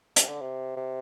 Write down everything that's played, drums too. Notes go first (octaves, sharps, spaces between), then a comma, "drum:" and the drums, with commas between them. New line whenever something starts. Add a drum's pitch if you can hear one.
C3, drum: hi-hat
D3
C3
C3